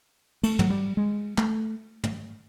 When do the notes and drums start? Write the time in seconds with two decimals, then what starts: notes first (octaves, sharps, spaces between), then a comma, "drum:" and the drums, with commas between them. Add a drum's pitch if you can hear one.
0.43 A3, drum: cymbal
0.59 F#3, drum: tom
0.70 G3
0.97 G#3
1.38 A3, drum: clap
2.04 drum: tom